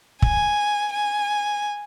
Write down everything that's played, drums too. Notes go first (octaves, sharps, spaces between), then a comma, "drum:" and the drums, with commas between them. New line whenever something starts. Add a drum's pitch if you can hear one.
G#5, drum: kick
G#5